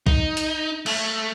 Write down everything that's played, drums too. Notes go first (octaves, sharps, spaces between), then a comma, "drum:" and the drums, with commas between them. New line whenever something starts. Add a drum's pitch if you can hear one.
D#4, drum: kick B1
drum: hi-hat
A3, drum: cymbal